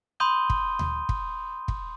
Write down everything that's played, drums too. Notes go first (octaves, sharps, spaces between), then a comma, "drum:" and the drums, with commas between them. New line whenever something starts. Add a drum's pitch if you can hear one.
B5 C6 D#6 G6 D#7 G7
drum: kick
drum: tom D2
drum: kick
drum: kick